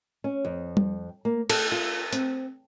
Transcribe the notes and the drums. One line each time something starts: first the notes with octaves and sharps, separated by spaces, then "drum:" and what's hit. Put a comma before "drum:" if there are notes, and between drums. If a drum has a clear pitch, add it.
C#4
F2
drum: tom G3
A#3
A4, drum: cymbal
F4
C4, drum: hi-hat